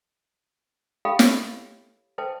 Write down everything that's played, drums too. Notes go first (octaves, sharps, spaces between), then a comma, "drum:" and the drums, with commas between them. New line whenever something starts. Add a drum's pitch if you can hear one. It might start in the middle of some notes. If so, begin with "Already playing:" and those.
G4 A4 F5 G5 B5 D#6
C#5, drum: snare
A4 B4 C5 G5 A5